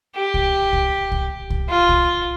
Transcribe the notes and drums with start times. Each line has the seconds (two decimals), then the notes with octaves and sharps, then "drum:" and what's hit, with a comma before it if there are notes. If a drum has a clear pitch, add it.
0.15 G4
0.34 drum: kick C2
0.73 drum: kick C2
1.12 drum: kick C2
1.50 drum: kick C2
1.69 F4
1.89 drum: kick C2